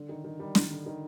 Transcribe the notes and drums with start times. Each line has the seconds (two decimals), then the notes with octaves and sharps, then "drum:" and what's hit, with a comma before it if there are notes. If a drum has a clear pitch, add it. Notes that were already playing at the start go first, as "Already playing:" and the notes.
Already playing: D3
0.09 D#3
0.24 D#3
0.39 D#3 G3
0.55 D#3, drum: snare
0.70 D3
0.86 D#3